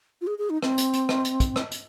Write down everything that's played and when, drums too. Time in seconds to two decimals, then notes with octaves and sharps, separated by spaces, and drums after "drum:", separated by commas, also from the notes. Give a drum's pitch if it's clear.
0.21 F4
0.27 G#4
0.38 G#4
0.50 D#4
0.63 C4, drum: rim click
0.78 drum: hi-hat
0.93 drum: hi-hat
1.09 drum: rim click
1.25 drum: hi-hat
1.40 drum: kick, hi-hat
1.56 drum: rim click
1.71 drum: hi-hat